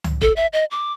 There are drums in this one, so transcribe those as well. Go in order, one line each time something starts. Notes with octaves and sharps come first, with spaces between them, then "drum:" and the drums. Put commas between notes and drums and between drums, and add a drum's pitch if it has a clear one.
drum: tom C#2
A4, drum: kick
E5
D#5
D6